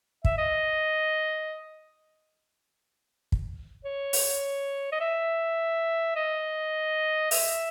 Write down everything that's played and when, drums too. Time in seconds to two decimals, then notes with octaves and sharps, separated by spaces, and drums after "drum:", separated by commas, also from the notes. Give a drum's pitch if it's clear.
0.25 E5, drum: kick
0.38 D#5
3.32 drum: kick
3.85 C#5
4.13 drum: open hi-hat
4.92 D#5
5.00 E5
6.16 D#5
7.31 E5, drum: open hi-hat